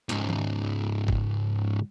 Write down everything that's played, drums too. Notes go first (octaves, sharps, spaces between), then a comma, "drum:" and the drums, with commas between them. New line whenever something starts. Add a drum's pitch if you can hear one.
C#2 G#2, drum: hi-hat
drum: tom D#3
drum: kick